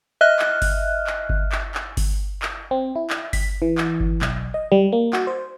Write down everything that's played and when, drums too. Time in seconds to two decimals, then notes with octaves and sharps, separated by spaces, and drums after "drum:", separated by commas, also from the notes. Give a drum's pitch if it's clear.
0.21 D#5 E5 F6 F#6
0.39 drum: clap
0.62 drum: kick G1, open hi-hat
1.07 drum: clap
1.29 drum: kick G1
1.52 drum: clap
1.75 drum: clap
1.97 drum: kick G1, open hi-hat
2.42 drum: clap
2.71 C4
2.96 E4
3.10 drum: clap
3.33 B6, drum: kick G1, open hi-hat
3.62 E3
3.78 drum: clap
4.00 drum: kick G1
4.22 B1, drum: clap
4.54 D#5
4.72 G3
4.93 A#3
5.13 F#4, drum: clap
5.27 C5